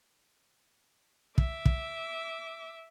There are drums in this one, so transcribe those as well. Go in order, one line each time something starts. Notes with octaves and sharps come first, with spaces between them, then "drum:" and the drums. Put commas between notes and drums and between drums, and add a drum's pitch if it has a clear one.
E5 D6, drum: kick
drum: kick